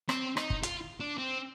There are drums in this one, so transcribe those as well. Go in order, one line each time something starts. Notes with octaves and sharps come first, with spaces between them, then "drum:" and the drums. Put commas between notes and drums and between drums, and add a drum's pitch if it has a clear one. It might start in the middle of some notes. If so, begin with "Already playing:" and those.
C4, drum: rim click
D#4, drum: rim click
drum: kick
F4, drum: hi-hat
D4
C4